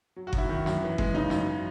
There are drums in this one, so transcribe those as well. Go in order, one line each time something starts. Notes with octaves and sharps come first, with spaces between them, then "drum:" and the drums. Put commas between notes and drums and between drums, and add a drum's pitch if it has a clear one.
F#3
F#4
F#2, drum: kick G1
E4
D#3
F#2, drum: snare
E3
G#3, drum: kick G1
C#3 D#4
F#2, drum: snare